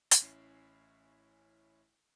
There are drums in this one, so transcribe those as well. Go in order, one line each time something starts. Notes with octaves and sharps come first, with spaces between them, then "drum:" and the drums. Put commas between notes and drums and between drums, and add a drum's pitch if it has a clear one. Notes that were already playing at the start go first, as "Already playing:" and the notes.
drum: hi-hat
A1 C#4 E4 C7